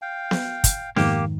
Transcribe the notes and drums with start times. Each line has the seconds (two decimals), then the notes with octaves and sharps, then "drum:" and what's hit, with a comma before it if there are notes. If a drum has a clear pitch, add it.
0.02 F5 G5
0.31 drum: snare B3
0.64 drum: kick, hi-hat
0.96 F2 G#2 D#3 A#3 G4, drum: snare B3